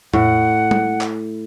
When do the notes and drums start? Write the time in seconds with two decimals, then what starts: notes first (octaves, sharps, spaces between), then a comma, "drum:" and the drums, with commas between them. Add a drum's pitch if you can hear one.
0.14 A2 F#5, drum: tom E2
0.71 drum: tom
1.01 drum: clap